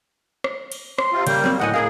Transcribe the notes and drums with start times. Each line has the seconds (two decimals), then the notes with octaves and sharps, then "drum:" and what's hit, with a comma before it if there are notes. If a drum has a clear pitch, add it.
0.44 drum: rim click
0.72 drum: cymbal
0.98 C6, drum: rim click
1.12 C3 C4 F4
1.27 C#3 G3 A#3 G5, drum: cymbal
1.44 F#3 C4
1.59 D2 A2 D#5 F#5 G#5
1.74 A2 G#4 A#4 F5